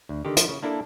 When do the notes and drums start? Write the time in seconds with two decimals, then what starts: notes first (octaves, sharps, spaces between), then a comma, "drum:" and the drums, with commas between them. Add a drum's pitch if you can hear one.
0.09 D2
0.25 D3 D#3 G4
0.37 F3, drum: hi-hat
0.48 C#3
0.63 A#3 D4 E4 A4